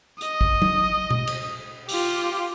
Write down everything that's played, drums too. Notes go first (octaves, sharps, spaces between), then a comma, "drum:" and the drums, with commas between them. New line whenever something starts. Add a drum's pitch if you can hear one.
D#5, drum: hi-hat
drum: kick A1
drum: tom F#3
drum: tom B2
drum: cymbal
F4 G4, drum: open hi-hat